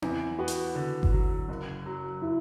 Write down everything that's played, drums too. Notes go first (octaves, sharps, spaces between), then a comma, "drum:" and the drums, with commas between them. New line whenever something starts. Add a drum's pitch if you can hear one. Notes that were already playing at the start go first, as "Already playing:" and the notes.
E2 E4, drum: tom C4
B3 F#4
drum: hi-hat
D3
drum: kick G1
F#3
F#1
F#3
E4